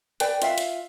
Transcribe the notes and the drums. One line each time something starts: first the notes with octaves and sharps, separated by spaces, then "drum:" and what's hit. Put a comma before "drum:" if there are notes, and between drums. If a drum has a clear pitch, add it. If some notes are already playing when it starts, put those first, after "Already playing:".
B4 D5 G5 G#5, drum: hi-hat
F4 E5 F5, drum: hi-hat
drum: hi-hat